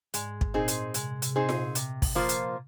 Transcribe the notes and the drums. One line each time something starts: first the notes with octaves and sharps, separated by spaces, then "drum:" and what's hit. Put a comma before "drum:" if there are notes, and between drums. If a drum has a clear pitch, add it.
G#2 G#3, drum: hi-hat
drum: kick
A#2 C4 D#4 G#4 C5
drum: hi-hat
C3 G#3, drum: hi-hat
C3, drum: hi-hat
C4 D#4 G#4 C5
A#2, drum: snare F4
C3, drum: hi-hat
drum: kick, open hi-hat
F3 A#3 F4 C5
drum: hi-hat